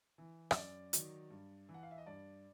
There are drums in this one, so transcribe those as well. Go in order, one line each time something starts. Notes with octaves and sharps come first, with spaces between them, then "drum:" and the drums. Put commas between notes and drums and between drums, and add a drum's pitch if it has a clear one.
E3
D#5, drum: rim click
F#2 D5
D#3 F#3, drum: hi-hat
G2
E3
F#5
F5
E5
D#5
G2 D5